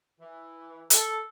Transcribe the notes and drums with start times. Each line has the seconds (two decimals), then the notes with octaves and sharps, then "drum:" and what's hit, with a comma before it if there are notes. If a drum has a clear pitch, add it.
0.20 E3
0.90 A4, drum: hi-hat